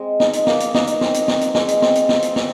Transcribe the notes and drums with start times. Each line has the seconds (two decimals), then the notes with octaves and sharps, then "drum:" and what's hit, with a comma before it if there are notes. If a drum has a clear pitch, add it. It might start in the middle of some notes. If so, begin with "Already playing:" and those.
Already playing: G#3 C4
0.20 D#4, drum: snare
0.33 drum: hi-hat
0.47 A#3, drum: snare
0.60 drum: hi-hat
0.74 D#4, drum: snare
0.87 drum: hi-hat
1.01 C4, drum: snare
1.14 drum: hi-hat
1.28 C4, drum: snare
1.41 drum: hi-hat
1.55 G#3, drum: snare
1.68 drum: hi-hat
1.82 C4, drum: snare
1.95 drum: hi-hat
2.09 drum: snare
2.22 drum: hi-hat
2.36 drum: snare